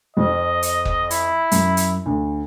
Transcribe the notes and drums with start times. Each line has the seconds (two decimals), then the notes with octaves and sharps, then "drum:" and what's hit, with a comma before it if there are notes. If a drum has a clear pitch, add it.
0.17 F2 F3 D#5
0.63 drum: hi-hat
0.85 drum: kick
1.11 E4, drum: hi-hat
1.51 F#2, drum: hi-hat
1.77 drum: hi-hat
2.06 D2